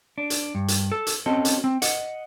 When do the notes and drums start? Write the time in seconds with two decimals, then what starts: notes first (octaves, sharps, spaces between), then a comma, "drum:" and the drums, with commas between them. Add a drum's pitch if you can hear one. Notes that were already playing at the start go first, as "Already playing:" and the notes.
0.18 D4
0.30 drum: hi-hat
0.55 G2
0.68 drum: hi-hat
0.92 A4
1.07 drum: hi-hat
1.26 C4 C#4 F#4 A4 D#5
1.45 drum: hi-hat
1.64 C4
1.82 D#5 F#5, drum: hi-hat